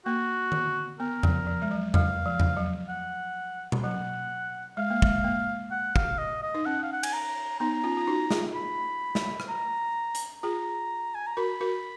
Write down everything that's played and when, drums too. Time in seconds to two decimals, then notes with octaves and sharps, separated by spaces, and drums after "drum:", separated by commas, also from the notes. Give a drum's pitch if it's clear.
0.06 A#3 F#4
0.52 drum: tom D#3
1.00 B3 A#4
1.23 F3, drum: tom E2
1.47 F3
1.62 G#3
1.71 F#3
1.94 F#3 F5, drum: tom E2
2.26 F3
2.40 drum: tom E2
2.57 F#3
2.89 F#5
3.72 drum: tom B2
3.83 F#3 F#5
4.77 G#3 F5
4.90 A#3
5.02 G#3, drum: kick
5.24 A#3
5.71 F#5
5.96 F5, drum: kick
6.18 D#5
6.43 D#5
6.54 D#4
6.66 C#4 F#5
6.83 F5
6.93 F#5
7.03 G#5, drum: cymbal
7.13 A#5
7.60 B3 D#4 A#5
7.84 C#4 F4
7.97 F4
8.07 D#4 F#4
8.31 F4 G#4, drum: snare
8.54 B5
9.15 drum: snare
9.40 drum: rim click
9.49 A#5
10.15 drum: hi-hat
10.43 F4 G#4 A#5
11.15 G#5
11.27 A#5
11.37 F#4 A#4 B5
11.61 F#4 A#4